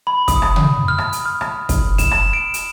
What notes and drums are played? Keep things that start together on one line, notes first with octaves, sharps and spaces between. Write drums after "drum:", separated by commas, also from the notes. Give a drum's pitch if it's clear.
B5
D#6, drum: kick, hi-hat
drum: rim click
drum: tom
F6
drum: rim click
drum: hi-hat
F6
drum: rim click
drum: kick, hi-hat
E7, drum: kick, hi-hat
drum: rim click
D7
drum: hi-hat